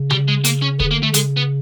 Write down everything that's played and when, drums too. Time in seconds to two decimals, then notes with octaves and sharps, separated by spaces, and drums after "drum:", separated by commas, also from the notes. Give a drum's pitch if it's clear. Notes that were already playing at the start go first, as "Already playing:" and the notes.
Already playing: C#3
0.10 G3, drum: tom C#3
0.28 G#3
0.44 A#3, drum: hi-hat
0.62 C#4
0.80 D3 B3, drum: kick
0.91 A#3
1.03 A3
1.14 C#3 G#3, drum: hi-hat
1.37 B3